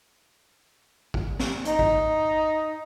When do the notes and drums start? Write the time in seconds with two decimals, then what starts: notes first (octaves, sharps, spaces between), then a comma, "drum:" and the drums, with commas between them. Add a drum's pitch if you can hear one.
1.14 drum: kick A1
1.40 drum: snare
1.65 D#4, drum: hi-hat
1.79 drum: kick A1